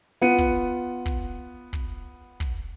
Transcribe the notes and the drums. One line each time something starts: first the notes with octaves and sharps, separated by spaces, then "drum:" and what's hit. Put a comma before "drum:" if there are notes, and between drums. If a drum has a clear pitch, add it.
B3 F4 C#7 D#7
drum: kick
drum: kick
drum: kick
drum: kick